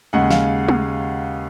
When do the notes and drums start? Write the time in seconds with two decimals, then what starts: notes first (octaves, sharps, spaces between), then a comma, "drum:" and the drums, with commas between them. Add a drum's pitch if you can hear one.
0.13 D#2 C#3 G#3 F#5
0.30 F5, drum: snare
0.68 drum: tom